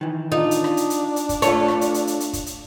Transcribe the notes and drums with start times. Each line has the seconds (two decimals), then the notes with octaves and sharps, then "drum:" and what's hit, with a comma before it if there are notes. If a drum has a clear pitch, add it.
0.01 D#3 E3
0.32 D4 D#4 F4
0.51 drum: hi-hat
0.64 drum: rim click
0.77 drum: hi-hat
0.90 drum: hi-hat
1.16 drum: hi-hat
1.29 drum: kick, hi-hat
1.42 A3 F4 A4 C#5, drum: hi-hat
1.68 drum: rim click
1.81 drum: hi-hat
1.94 drum: hi-hat
2.07 drum: hi-hat
2.20 drum: hi-hat
2.33 drum: kick, hi-hat
2.46 drum: hi-hat